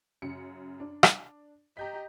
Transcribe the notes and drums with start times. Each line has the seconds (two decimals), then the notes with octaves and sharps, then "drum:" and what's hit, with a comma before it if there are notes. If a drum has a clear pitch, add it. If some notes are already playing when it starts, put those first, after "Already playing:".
0.22 F#2 C#3 C#7
0.80 D4
1.03 drum: rim click
1.77 G4 D#5 A#5 G6 B6